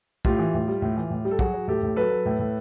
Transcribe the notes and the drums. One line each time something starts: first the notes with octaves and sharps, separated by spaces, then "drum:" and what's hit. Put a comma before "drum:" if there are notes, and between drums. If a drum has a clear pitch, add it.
A2 F4 G4, drum: kick
E3
A2
G3
A2
E3
A2
G3
A4
F#3 F#4 G#4, drum: kick
F#3
A2 G4 A4
A2
F#3 A4 B4
F#3
A2
A2